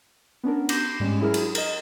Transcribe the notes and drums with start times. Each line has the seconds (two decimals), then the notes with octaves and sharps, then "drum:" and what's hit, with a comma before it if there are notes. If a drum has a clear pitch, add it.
0.44 B3 C#4 D4 A#4
0.69 D6 G6 A#6 C7, drum: cymbal
1.00 G#2 G3 G#3 C#4
1.20 F#3 E4 G#4 A#4
1.34 drum: cymbal
1.55 A#4 D#5, drum: cymbal